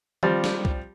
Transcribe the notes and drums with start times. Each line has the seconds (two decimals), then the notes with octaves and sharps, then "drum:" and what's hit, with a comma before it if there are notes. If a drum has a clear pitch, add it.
0.23 F3 G3 C4 G4, drum: tom D#3
0.44 drum: snare
0.65 drum: kick C2